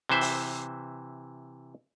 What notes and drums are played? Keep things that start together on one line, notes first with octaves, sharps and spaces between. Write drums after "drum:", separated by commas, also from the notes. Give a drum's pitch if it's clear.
C3 E3 C5 E5
drum: open hi-hat